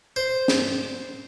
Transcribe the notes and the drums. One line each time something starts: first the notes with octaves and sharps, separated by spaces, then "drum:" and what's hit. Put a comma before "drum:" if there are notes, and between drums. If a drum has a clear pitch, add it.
C5
drum: snare